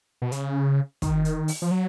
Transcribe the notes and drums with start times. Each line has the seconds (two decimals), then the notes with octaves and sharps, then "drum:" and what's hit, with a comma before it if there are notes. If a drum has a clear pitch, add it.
0.22 B2
0.32 C#3, drum: hi-hat
1.02 D#3, drum: kick, hi-hat
1.25 drum: hi-hat
1.48 drum: open hi-hat
1.62 F3
1.71 F#3